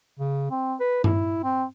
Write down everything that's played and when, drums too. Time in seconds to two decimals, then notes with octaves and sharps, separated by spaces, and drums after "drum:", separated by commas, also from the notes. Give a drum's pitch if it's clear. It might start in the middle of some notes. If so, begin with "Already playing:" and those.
0.20 C#3
0.51 C4
0.80 B4
1.04 E4, drum: tom G2
1.44 C4